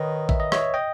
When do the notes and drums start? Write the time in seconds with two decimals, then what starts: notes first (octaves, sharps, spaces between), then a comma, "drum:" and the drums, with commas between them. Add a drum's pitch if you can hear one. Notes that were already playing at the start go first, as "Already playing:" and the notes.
Already playing: D#3 B4 C#5 D#5
0.29 E5, drum: kick A1
0.40 D#5
0.52 C#5 E5, drum: rim click
0.74 D#5 G5